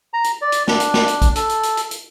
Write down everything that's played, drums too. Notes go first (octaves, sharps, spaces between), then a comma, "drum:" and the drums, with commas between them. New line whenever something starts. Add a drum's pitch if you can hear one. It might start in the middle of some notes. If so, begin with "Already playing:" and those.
A#5
drum: hi-hat
D5
drum: hi-hat
D4, drum: snare
drum: hi-hat
drum: snare
drum: hi-hat
drum: kick, hi-hat
A4, drum: hi-hat
drum: hi-hat
drum: hi-hat
drum: hi-hat
drum: hi-hat